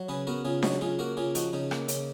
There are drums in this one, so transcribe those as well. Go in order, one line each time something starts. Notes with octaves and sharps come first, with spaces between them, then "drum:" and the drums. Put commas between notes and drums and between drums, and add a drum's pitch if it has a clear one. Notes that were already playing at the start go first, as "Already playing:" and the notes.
Already playing: F#3
C#3 G#4 B4
B3 F#4 A#4
C#3 F4 G#4
F#3 D#4 F#4, drum: snare D4
C#3 F4 G#4
A#3 F#4 A#4
C#3 F4 G#4
F3 D#4 F#4, drum: hi-hat
C#3 D#4
A#3, drum: rim click
C#3, drum: hi-hat